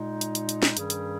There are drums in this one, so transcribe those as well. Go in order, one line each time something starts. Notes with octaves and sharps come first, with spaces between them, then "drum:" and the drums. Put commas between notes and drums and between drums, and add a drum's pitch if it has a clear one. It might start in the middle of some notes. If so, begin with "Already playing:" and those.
Already playing: A#2 G#3 D#4
drum: hi-hat
drum: hi-hat
drum: hi-hat
drum: snare
G2 D#3 G3 C#4 G#4, drum: hi-hat
drum: hi-hat